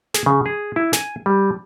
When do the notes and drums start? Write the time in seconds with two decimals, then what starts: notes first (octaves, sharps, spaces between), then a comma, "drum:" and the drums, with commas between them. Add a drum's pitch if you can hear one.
0.14 G#4, drum: snare
0.26 C#3
0.46 G#4
0.76 E4
0.93 G#5, drum: snare
1.26 G3